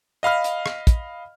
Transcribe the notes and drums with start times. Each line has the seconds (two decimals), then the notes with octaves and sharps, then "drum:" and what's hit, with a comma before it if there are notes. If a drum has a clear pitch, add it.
0.23 D#5 F5 B5 F6
0.44 drum: hi-hat
0.66 drum: rim click
0.87 drum: kick, hi-hat